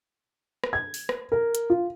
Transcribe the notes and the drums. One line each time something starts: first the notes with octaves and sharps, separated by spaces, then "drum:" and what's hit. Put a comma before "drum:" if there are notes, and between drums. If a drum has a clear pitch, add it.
drum: rim click
G#6
drum: open hi-hat
drum: rim click
A#4
drum: hi-hat
F4